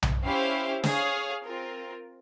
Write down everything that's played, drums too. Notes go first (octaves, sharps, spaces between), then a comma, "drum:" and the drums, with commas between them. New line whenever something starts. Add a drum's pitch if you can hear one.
drum: tom B1
C#4 E4 G4 C5 F5
G#4 C#5 F5, drum: snare
C4 F4 A#4